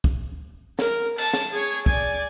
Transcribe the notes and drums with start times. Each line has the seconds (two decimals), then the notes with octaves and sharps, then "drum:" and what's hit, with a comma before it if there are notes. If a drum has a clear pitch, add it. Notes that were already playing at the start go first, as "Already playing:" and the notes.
0.04 drum: kick
0.79 A#4, drum: snare
1.18 A5, drum: cymbal
1.33 drum: snare
1.52 G#4 C#5
1.86 D5 G#5, drum: kick